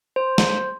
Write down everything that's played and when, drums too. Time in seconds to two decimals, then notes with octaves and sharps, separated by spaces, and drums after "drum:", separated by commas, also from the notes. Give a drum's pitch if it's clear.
0.16 C5
0.38 drum: snare